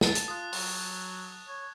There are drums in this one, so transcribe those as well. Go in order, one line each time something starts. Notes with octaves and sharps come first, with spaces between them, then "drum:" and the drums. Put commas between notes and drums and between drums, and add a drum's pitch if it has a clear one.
A5 A6, drum: snare
drum: hi-hat
F4 D#6 F#6
F#3, drum: open hi-hat
C#5